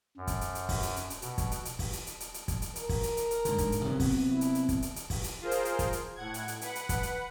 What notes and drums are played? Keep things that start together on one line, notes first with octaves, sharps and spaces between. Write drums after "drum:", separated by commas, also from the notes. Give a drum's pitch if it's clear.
F#2
drum: kick, hi-hat
drum: hi-hat
drum: hi-hat
drum: kick, open hi-hat
drum: hi-hat
drum: hi-hat
drum: hi-hat
B2, drum: hi-hat
drum: kick, hi-hat
drum: hi-hat
drum: hi-hat
drum: kick, open hi-hat
drum: hi-hat
drum: hi-hat
drum: hi-hat
drum: hi-hat
drum: kick, hi-hat
drum: hi-hat
A#4, drum: hi-hat
drum: kick, open hi-hat
drum: hi-hat
drum: hi-hat
drum: hi-hat
G#2 D3, drum: hi-hat
drum: kick, hi-hat
drum: hi-hat
C3 F#3 B3
drum: kick, open hi-hat
E4
drum: hi-hat
drum: hi-hat
drum: kick, hi-hat
drum: hi-hat
drum: hi-hat
drum: kick, open hi-hat
drum: hi-hat
F4 G#4 A#4 C5
drum: hi-hat
drum: hi-hat
drum: kick, hi-hat
drum: hi-hat
A2 F#5 G#6
drum: hi-hat
drum: hi-hat
B4 F#5, drum: hi-hat
drum: hi-hat
drum: kick, hi-hat
drum: hi-hat